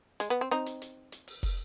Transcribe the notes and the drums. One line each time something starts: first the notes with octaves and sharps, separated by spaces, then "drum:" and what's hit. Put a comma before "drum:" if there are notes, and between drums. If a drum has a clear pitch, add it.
G#3, drum: hi-hat
B3
C4
C4 D#4
drum: hi-hat
drum: hi-hat
drum: hi-hat
drum: open hi-hat
drum: kick, open hi-hat